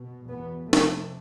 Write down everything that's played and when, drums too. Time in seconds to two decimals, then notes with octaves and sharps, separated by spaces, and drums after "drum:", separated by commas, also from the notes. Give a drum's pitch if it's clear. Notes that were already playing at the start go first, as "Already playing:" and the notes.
Already playing: B2
0.28 E2 B2 B3
0.68 F2 A3
0.73 C3, drum: snare